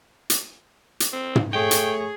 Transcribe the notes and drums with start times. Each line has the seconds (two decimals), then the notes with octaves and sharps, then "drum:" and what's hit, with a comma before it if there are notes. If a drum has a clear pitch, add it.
0.30 drum: hi-hat
1.00 drum: hi-hat
1.13 C4
1.36 drum: tom
1.53 A3 G#4 C#5 G5
1.71 drum: hi-hat